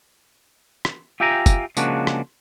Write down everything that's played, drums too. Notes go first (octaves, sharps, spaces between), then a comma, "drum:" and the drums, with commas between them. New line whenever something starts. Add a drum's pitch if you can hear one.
drum: rim click
F4 G4 E5 G5 G#5 A#5
drum: kick, tambourine
C#3 F3 G#3 A#3 D4 F#4, drum: tambourine
drum: rim click